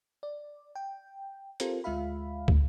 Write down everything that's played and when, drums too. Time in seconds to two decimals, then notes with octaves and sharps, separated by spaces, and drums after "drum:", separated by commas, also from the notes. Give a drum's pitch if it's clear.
0.23 D5
0.75 G5
1.60 C4 F4 G4 A4 A#4 C5, drum: hi-hat
1.84 D2 G#3 F4 E5 F5 B5
2.48 drum: kick